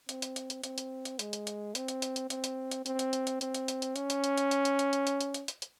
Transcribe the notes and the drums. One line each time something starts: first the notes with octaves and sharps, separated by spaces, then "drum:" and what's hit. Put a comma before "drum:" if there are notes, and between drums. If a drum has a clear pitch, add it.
C4, drum: hi-hat
drum: hi-hat
drum: hi-hat
drum: hi-hat
C4, drum: hi-hat
drum: hi-hat
drum: hi-hat
G#3, drum: hi-hat
drum: hi-hat
drum: hi-hat
C4, drum: hi-hat
drum: hi-hat
drum: hi-hat
drum: hi-hat
C4, drum: hi-hat
drum: hi-hat
drum: hi-hat
C4, drum: hi-hat
drum: hi-hat
drum: hi-hat
drum: hi-hat
C4, drum: hi-hat
drum: hi-hat
drum: hi-hat
drum: hi-hat
C#4, drum: hi-hat
drum: hi-hat
drum: hi-hat
drum: hi-hat
drum: hi-hat
drum: hi-hat
drum: hi-hat
drum: hi-hat
drum: hi-hat
drum: hi-hat
drum: hi-hat
drum: hi-hat
drum: hi-hat